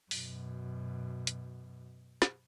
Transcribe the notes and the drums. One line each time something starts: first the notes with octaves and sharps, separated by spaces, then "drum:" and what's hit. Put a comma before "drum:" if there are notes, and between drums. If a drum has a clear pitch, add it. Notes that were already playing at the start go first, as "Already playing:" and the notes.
F#2 B2, drum: open hi-hat
drum: hi-hat
drum: snare